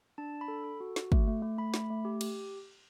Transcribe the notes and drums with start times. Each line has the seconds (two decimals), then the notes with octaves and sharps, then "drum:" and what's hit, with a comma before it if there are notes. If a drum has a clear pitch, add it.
0.18 D4 A5
0.33 D4
0.41 B5
0.48 A4
0.64 A4
0.80 F#4
0.96 F#4, drum: snare
1.12 A3, drum: kick
1.27 A3
1.42 A3
1.58 A3 B5
1.74 A3, drum: snare
1.90 A3
2.05 G4
2.21 G4, drum: cymbal